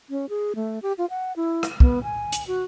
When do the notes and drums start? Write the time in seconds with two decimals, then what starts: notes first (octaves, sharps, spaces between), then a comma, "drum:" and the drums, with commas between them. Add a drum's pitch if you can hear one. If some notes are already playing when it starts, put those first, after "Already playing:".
0.10 C#4
0.29 G#4
0.55 A3
0.82 G4
0.98 F4
1.10 F#5
1.36 E4
1.63 drum: rim click
1.80 B3, drum: kick
2.04 G#5
2.32 drum: hi-hat
2.47 F#4